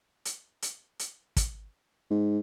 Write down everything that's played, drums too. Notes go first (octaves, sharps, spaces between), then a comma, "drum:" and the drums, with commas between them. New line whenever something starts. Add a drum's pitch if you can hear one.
drum: hi-hat
drum: hi-hat
drum: hi-hat
drum: kick, hi-hat
G#2